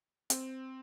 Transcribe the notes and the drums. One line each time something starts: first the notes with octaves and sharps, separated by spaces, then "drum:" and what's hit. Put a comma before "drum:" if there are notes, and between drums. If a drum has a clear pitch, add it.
C4, drum: hi-hat